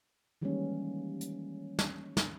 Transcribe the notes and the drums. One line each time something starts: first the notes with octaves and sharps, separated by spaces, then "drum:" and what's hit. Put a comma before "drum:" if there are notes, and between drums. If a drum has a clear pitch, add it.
D#3 E3 G3 G#3 A#3 C#4
drum: hi-hat
drum: snare
drum: snare